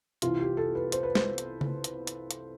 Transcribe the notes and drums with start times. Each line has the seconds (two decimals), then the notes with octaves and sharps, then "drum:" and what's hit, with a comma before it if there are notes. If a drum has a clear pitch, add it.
0.22 C2 C3 E3 F4, drum: hi-hat
0.40 G4
0.57 A4
0.75 B4
0.92 C5, drum: hi-hat
1.03 B4
1.15 C5, drum: snare
1.38 drum: hi-hat
1.61 drum: tom C#3
1.84 drum: hi-hat
2.07 drum: hi-hat
2.31 drum: hi-hat